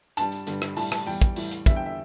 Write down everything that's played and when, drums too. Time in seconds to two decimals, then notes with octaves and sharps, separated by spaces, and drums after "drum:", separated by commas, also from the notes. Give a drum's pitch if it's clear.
0.17 G2 G3 A5, drum: hi-hat
0.32 drum: hi-hat
0.47 G2 D3 G3, drum: hi-hat
0.62 drum: rim click
0.77 A2 G3 A5, drum: open hi-hat
0.92 A5, drum: rim click
1.06 E2 E3 G3 G5
1.22 drum: kick, hi-hat
1.36 A2 E3 G3, drum: open hi-hat
1.51 drum: hi-hat
1.66 E2 D3 G3 E5, drum: kick, hi-hat
1.76 G5
1.86 E5